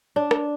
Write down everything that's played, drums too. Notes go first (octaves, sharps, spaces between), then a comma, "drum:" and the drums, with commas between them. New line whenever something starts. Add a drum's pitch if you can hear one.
D4
drum: rim click